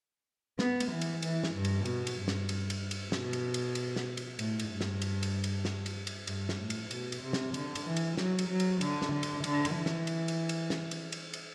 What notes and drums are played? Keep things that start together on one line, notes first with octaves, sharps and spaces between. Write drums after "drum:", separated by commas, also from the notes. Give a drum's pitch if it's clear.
B3, drum: snare
drum: cymbal
E3
drum: cymbal
E3, drum: cymbal
drum: snare
G2
drum: cymbal
B2, drum: cymbal
drum: cymbal
G2
drum: snare
drum: cymbal
drum: cymbal
drum: cymbal
B2, drum: snare
drum: cymbal
drum: cymbal
drum: cymbal
drum: snare
drum: cymbal
A2, drum: cymbal
drum: cymbal
G2
drum: snare
drum: cymbal
drum: cymbal
drum: cymbal
drum: snare
drum: cymbal
drum: cymbal
G2, drum: cymbal
drum: snare
A2
drum: cymbal
B2, drum: cymbal
drum: cymbal
C3
drum: snare
D3, drum: cymbal
drum: cymbal
E3
drum: cymbal
F#3, drum: snare
drum: cymbal
F#3
drum: cymbal
D3, drum: cymbal
drum: snare
D3
drum: cymbal
D3, drum: cymbal
drum: cymbal
E3
drum: snare
drum: cymbal
drum: cymbal
drum: cymbal
drum: snare
drum: cymbal
drum: cymbal
drum: cymbal